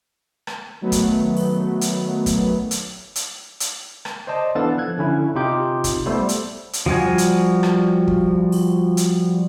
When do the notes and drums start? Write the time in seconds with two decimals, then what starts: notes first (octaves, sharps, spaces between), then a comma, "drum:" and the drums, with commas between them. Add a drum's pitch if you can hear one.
0.47 drum: rim click
0.81 D#3 F#3 A3 B3
0.92 drum: kick, hi-hat
1.37 drum: open hi-hat
1.81 drum: hi-hat
2.26 drum: kick, hi-hat
2.71 drum: hi-hat
3.16 drum: hi-hat
3.60 drum: hi-hat
4.05 drum: rim click
4.27 C5 D5 D#5 A5
4.55 E3 B3 D4 A4 F5 A6
4.78 F3 F#6 G#6
4.98 D3 C#4 E4
5.35 C3 D#4 F4 G4 G6
5.84 drum: kick, hi-hat
6.06 G3 A3 B3 A4 C5
6.29 drum: hi-hat
6.73 drum: hi-hat
6.86 F3 G3 F#4 G#5
7.18 drum: hi-hat
7.63 drum: rim click
8.08 drum: kick
8.52 drum: open hi-hat
8.97 drum: hi-hat